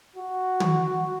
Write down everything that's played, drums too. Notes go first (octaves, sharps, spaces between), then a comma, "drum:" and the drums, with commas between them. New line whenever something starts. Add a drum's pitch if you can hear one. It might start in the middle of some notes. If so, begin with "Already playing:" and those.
F#4
drum: tom